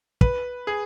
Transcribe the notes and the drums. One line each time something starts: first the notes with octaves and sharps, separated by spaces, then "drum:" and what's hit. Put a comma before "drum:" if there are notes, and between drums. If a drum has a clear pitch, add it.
B4, drum: kick
G#4